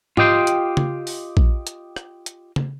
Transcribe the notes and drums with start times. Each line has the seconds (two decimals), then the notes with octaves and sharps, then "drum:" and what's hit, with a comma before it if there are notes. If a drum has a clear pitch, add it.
0.17 F4 G4 D#5 G5 C6, drum: tom G#2
0.47 drum: hi-hat
0.77 drum: tom C#3
1.07 drum: open hi-hat
1.37 drum: kick A#1
1.67 drum: hi-hat
1.96 drum: rim click
2.26 drum: hi-hat
2.56 drum: tom C#3